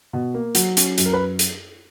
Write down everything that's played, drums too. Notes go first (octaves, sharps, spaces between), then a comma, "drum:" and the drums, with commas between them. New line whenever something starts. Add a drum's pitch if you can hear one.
B2
A#3
F#3, drum: hi-hat
C#4, drum: hi-hat
F#2, drum: hi-hat
A#4
B4
drum: hi-hat